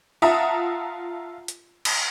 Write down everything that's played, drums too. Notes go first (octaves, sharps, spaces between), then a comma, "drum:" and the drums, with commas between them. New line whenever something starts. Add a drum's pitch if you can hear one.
F4 E5 F#5 A5 A#5 D#6
drum: hi-hat
drum: cymbal